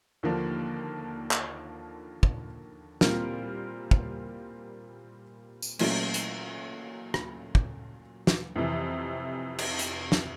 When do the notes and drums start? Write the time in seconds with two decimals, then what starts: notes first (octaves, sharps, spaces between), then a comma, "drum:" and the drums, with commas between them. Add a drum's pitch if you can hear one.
0.23 D#2 D3 F3 A#3 D4
1.31 drum: clap
2.23 drum: kick
3.01 A#2 G3 C4 F4 A#4, drum: snare
3.91 drum: kick
5.62 drum: tambourine
5.79 A#2 F#3 A3 C#4, drum: cymbal
6.14 drum: hi-hat
7.14 drum: rim click
7.55 drum: kick
8.27 drum: snare
8.56 F2 C3 E3
9.58 drum: cymbal
9.79 drum: hi-hat
10.12 drum: snare